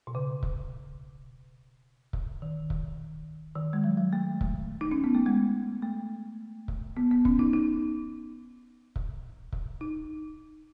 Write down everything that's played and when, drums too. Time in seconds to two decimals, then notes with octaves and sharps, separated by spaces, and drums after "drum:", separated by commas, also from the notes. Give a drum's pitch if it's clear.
0.07 B2
0.15 C#3
0.43 drum: kick C#1
2.13 drum: kick C#1
2.42 D#3
2.70 drum: kick C#1
3.55 D#3
3.73 G#3
3.84 F#3
3.97 F#3
4.13 A3
4.41 drum: kick C#1
4.81 D#4
4.91 C#4
5.04 B3
5.15 A3
5.26 G#3
5.82 A3
6.68 drum: kick C#1
6.97 B3
7.11 B3
7.25 C#4, drum: kick C#1
7.39 D#4
7.53 D#4
8.96 drum: kick C#1
9.52 drum: kick C#1
9.81 D#4